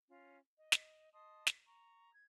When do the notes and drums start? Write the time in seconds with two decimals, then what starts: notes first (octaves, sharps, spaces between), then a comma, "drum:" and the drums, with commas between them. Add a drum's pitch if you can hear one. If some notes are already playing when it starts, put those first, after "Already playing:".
0.07 C#4 F4
0.58 D#5
0.72 drum: snare
1.13 D#5 A5 C6 D#6
1.47 drum: snare
1.65 A#5 C#6
2.12 G#6